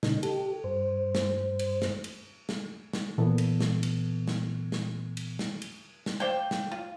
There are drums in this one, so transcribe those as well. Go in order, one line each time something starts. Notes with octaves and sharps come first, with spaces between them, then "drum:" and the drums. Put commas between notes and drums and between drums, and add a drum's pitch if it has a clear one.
A#2 C#3 D#4, drum: snare
G4 A4, drum: cymbal
G2 C5
drum: snare
drum: cymbal
drum: snare
drum: cymbal
drum: snare
drum: snare
A#2 E3 B3 A4
drum: cymbal
drum: snare
drum: cymbal
drum: snare
drum: snare
drum: cymbal
drum: snare
drum: cymbal
drum: snare
C5 D5 F5 G5
drum: snare
F4